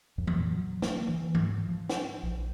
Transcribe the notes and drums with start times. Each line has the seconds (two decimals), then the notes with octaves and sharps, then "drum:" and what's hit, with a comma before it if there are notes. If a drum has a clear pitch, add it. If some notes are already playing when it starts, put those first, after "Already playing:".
0.18 F2
0.27 drum: tom E3
0.37 A#2
0.51 F#3
0.82 A#3, drum: snare
1.08 E3
1.35 G#2, drum: tom E3
1.68 F3
1.89 drum: snare
2.23 A#1